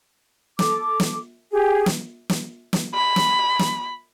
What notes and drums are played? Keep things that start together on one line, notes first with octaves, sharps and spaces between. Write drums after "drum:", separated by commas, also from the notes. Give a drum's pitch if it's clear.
A4 D6, drum: snare
drum: snare
G4 G#4
drum: snare
drum: snare
drum: snare
B5
drum: snare
drum: snare